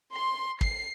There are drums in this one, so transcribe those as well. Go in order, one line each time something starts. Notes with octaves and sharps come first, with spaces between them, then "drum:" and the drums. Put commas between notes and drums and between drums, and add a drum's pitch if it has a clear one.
C6
C7, drum: kick